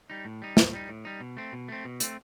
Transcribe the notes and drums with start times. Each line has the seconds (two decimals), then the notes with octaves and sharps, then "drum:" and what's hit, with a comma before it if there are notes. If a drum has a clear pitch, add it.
0.10 G3 D#4
0.25 A2
0.42 G3 D#4
0.57 A2, drum: snare
0.73 G3 D#4
0.89 A2
1.05 G3 D#4
1.20 B2
1.37 A3 C4
1.53 B2
1.68 A3 C4
1.85 B2
2.00 A3 C4, drum: hi-hat